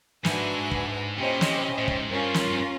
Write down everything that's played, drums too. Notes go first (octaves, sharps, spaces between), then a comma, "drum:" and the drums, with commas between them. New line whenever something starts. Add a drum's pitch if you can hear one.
G#2 D4 F#4 B4 E5 G#5, drum: snare
drum: kick
A#2 C#4 E4 G4 C5 D#5
C3, drum: snare
A2
G#2, drum: kick
G2 C#4 F4 A#4
drum: snare
G2